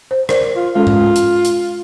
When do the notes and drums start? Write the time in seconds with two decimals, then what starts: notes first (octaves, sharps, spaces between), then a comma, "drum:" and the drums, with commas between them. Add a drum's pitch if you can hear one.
0.11 C5
0.29 A#4 C5 D5, drum: rim click
0.56 F4
0.75 G#3 C#4 F4 A4
0.87 drum: tom G#2
1.16 drum: hi-hat
1.45 drum: hi-hat